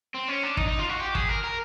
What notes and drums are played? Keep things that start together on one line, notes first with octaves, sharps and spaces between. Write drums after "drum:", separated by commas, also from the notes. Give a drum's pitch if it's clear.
C4
C#4
D4
D#4, drum: kick
D#4
F4
F#4
G4
G#4, drum: kick
A#4
A#4